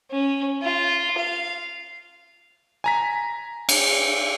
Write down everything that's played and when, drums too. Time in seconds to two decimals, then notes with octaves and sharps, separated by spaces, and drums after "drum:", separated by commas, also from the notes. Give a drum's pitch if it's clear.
0.11 C#4
0.62 F4
1.18 F5
2.84 G#5 A#5 B6
3.69 drum: cymbal